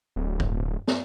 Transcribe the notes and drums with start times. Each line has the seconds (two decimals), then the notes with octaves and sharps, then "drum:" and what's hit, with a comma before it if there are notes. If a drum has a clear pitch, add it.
0.16 D1
0.40 drum: kick
0.87 drum: snare